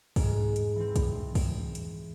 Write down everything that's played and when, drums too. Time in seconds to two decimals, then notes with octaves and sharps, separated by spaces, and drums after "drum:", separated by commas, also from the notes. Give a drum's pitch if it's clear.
0.16 G#2 G#3, drum: kick, open hi-hat
0.56 drum: hi-hat
0.76 E3 C4
0.96 drum: kick, hi-hat
1.35 drum: kick, open hi-hat
1.75 drum: hi-hat